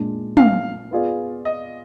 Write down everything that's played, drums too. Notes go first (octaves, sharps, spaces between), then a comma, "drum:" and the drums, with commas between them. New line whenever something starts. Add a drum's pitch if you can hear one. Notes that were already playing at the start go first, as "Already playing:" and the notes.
Already playing: A#2 G#3 D4
F5, drum: tom
B3 F4 G#4 D5
D#5